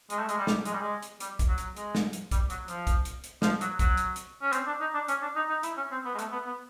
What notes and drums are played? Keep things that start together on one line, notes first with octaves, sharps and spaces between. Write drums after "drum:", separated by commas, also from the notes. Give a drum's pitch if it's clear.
G#3, drum: hi-hat
A3
G#3, drum: hi-hat
G3
drum: snare
G#3, drum: hi-hat
G3
G#3
drum: hi-hat
G3, drum: hi-hat
drum: kick, hi-hat
F#3
drum: hi-hat
G#3, drum: hi-hat
drum: snare
drum: hi-hat
G3, drum: kick, hi-hat
F#3, drum: hi-hat
F3, drum: hi-hat
drum: kick, hi-hat
drum: hi-hat
drum: hi-hat
F3, drum: snare
F#3, drum: hi-hat
F#3, drum: kick, hi-hat
drum: hi-hat
drum: hi-hat
C#4
C4, drum: hi-hat
D4
D#4
D4
C#4, drum: hi-hat
D4
D#4
D#4
E4, drum: hi-hat
C#4
C4
B3
G#3
A3, drum: hi-hat
B3
B3